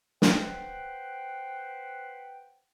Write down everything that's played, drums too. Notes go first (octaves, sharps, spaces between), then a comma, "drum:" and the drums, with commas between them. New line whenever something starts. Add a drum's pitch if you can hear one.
B4 C5 F#5 G5, drum: snare